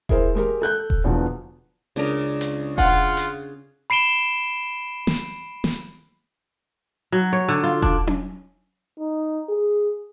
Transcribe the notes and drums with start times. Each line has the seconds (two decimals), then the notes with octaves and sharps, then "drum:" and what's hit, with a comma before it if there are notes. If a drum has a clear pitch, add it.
0.09 E4 G#4 A#4 C5, drum: kick E1
0.35 G#3 G4 A#4
0.62 A4 F#6 G6
0.90 drum: kick E1
1.04 E2 B2 D3 F3
1.96 C#2 C#3 D4 A#4
2.41 drum: hi-hat
2.78 F4 F#5, drum: kick E1
3.17 drum: hi-hat
3.90 B5 C7 D7 E7 G7
5.07 drum: snare
5.64 drum: snare
7.12 F#3
7.33 C#5
7.48 D3
7.64 F4
7.82 D4, drum: kick E1
8.07 drum: tom C#4
8.99 D#4
9.49 G#4